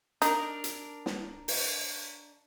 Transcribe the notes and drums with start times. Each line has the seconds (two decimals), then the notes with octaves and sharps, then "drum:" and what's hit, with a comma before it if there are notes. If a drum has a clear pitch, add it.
0.22 D4 D#4 A#4, drum: hi-hat
0.64 drum: hi-hat
1.06 drum: snare
1.48 drum: open hi-hat